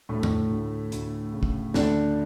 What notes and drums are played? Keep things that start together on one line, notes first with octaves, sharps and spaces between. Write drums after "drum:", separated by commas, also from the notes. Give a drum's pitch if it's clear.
D2 A2 A3
drum: tom E2
D2
D2, drum: hi-hat
C#3
drum: kick
D2 D3 D4, drum: snare